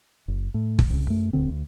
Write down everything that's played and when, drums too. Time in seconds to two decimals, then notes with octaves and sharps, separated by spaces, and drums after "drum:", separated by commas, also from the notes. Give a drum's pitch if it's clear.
0.28 F#1
0.54 A2
0.79 drum: kick
0.90 C2 C#3
1.07 F#2 A3
1.33 D#1 D2 D3 C4
1.49 D2